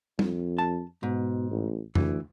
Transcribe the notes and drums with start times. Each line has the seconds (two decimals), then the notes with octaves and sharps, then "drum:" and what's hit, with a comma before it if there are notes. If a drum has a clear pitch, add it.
0.19 F2, drum: tom
0.58 A5
1.03 G#2 B2
1.51 A1
1.95 D2 E3, drum: tom F2